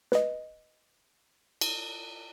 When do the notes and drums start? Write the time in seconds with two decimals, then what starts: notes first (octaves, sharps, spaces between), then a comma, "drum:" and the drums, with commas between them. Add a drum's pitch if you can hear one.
0.12 B4 D#5, drum: snare
1.61 drum: cymbal